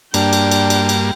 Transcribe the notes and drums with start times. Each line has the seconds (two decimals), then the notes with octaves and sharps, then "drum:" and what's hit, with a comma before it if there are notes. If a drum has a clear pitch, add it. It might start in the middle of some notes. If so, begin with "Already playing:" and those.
0.14 G2 A#3 D4 G5, drum: cymbal
0.33 drum: cymbal
0.51 drum: cymbal
0.70 drum: cymbal
0.89 drum: cymbal